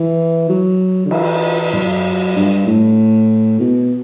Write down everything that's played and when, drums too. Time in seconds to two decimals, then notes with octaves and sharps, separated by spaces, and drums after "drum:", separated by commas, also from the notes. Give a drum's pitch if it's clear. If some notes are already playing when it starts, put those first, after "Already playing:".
Already playing: E3
0.49 F#3
1.05 D3
1.11 E3, drum: cymbal
1.73 F#3, drum: tom
2.36 G2
2.67 A2
3.60 B2